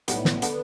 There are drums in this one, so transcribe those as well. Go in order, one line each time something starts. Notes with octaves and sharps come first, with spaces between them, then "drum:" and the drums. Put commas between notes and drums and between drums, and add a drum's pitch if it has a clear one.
B1 A2 G3 B3, drum: hi-hat
drum: snare
D3 B3 D4, drum: hi-hat